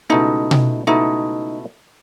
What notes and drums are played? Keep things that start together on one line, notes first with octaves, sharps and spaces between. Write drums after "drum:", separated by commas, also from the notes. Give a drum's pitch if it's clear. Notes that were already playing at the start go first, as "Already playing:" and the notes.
C#2 B2 A3 D#4 E4 A4
drum: tom B2
C#2 B2 A3 D#4 E4 A4